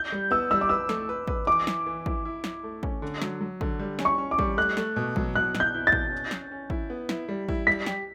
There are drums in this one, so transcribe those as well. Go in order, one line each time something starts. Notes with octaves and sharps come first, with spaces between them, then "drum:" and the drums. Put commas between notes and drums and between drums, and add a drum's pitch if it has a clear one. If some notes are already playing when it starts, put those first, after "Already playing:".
Already playing: G6
G3
B3 E6
G3 E6
D6
B4 E6
A3, drum: snare
B4
B4, drum: kick
E3 D6
E4, drum: snare
E3
E4, drum: kick
E4
E4, drum: snare
A3
C#4, drum: kick
D3
F#3, drum: snare
F#3
D3, drum: kick
G3
C#4, drum: snare
C#6
C#4
D6
G3, drum: kick
A3 F#6
A3, drum: snare
B2
F#3, drum: kick
B2 F#6
B2, drum: snare
G6
E4
A6
B2, drum: kick
C#4
C#4, drum: snare
C#4
E4, drum: kick
B3
E4, drum: snare
G3
E4, drum: kick
G3 B6
G4, drum: snare